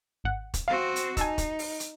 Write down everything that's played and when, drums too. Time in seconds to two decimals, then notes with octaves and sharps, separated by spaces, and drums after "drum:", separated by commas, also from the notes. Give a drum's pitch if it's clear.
0.24 G#1 F#5
0.54 drum: kick, hi-hat
0.68 C4 F#4 F5
0.96 drum: hi-hat
1.17 D#4 G#5 A5 E6, drum: kick, hi-hat
1.38 drum: kick, hi-hat
1.59 drum: open hi-hat
1.80 drum: hi-hat